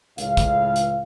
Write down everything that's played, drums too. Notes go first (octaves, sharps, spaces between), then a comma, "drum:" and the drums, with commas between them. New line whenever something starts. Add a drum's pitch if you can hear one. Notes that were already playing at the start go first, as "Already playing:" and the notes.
C#2 A2 F5, drum: hi-hat
drum: kick, hi-hat
drum: hi-hat